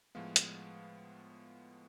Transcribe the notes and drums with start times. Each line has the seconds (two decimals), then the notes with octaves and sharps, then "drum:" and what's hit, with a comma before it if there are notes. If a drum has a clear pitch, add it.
0.15 A2 F3 G#3 B3 F5
0.36 drum: hi-hat